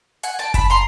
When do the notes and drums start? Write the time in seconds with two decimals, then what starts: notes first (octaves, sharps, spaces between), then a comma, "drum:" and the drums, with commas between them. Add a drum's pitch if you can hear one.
0.23 F#5 G#5, drum: hi-hat
0.39 G5 A5
0.54 A5 B5, drum: kick F#1, hi-hat
0.70 A#5 C6